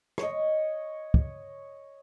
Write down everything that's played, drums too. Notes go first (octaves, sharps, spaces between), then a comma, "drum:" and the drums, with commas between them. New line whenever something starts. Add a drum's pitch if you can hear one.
C#5 D#5, drum: rim click
drum: kick